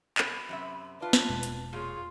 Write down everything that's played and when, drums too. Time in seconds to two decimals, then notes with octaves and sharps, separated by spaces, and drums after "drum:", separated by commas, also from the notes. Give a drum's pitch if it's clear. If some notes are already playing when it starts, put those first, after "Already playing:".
0.18 B2 B5, drum: clap
0.49 F#2 C3 E5
1.00 F4 B4 D5 A5
1.13 drum: snare
1.29 E1 B2 G#3
1.43 drum: hi-hat
1.73 A#2 F4 G#4 C#5